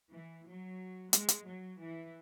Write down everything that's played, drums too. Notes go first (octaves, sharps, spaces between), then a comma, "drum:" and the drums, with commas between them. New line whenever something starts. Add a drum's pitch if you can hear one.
E3
F#3
G#3, drum: hi-hat
drum: hi-hat
F#3
E3